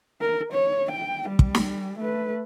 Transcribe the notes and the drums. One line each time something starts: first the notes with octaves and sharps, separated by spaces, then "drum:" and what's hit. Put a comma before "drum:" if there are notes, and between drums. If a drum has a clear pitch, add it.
A#4
C#5
G5
G3
drum: kick
drum: snare
A3 B4